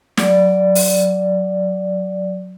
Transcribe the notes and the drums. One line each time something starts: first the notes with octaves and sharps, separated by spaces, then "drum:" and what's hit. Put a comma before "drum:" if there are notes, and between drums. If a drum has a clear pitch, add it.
F#3 D5, drum: snare
drum: open hi-hat